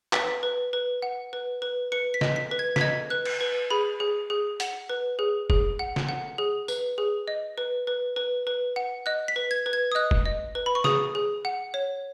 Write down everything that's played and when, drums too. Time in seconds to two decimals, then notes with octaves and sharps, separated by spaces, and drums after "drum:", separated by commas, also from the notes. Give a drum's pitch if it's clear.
0.13 B4 B6, drum: clap
0.43 B4
0.73 B4
1.02 F#5
1.33 B4
1.62 B4
1.92 B4 C#7
2.14 B6
2.21 D#5, drum: snare
2.36 B6
2.51 B4
2.59 G#6
2.76 B6, drum: snare
2.81 D#5 G#6
3.10 B4 F#6
3.25 drum: cymbal
3.41 B4
3.70 G#4 B5
4.00 G#4
4.30 G#4
4.60 F#5, drum: hi-hat
4.89 B4
5.19 G#4
5.50 G#4, drum: kick F1
5.79 F#5
5.96 drum: snare
6.09 F#5
6.38 G#4
6.68 B4, drum: tambourine
6.98 G#4
7.28 D#5
7.58 B4
7.87 B4
8.16 B4
8.47 B4
8.76 F#5
9.06 D#5 F#6
9.28 B6
9.36 B4
9.51 G#6
9.66 B4
9.73 G#6
9.92 D#6
9.95 D#5 F#6
10.11 drum: kick F1
10.25 D#5
10.55 B4
10.66 B5
10.75 C#6
10.84 G#4 D#6, drum: snare
11.15 G#4
11.45 F#5
11.74 C#5